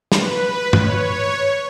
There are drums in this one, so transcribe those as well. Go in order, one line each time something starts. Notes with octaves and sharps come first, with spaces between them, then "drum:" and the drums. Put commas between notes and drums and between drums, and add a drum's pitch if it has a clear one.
B4, drum: snare
C#5, drum: tom